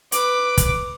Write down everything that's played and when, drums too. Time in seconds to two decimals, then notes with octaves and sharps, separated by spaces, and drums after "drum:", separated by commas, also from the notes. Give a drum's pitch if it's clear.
0.12 B4 D6, drum: hi-hat
0.58 drum: kick, hi-hat